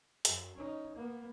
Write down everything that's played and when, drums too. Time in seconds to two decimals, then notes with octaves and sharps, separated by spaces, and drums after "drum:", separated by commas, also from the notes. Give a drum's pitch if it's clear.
0.25 F#2, drum: hi-hat
0.56 C#4 D#4
0.95 A#3 B3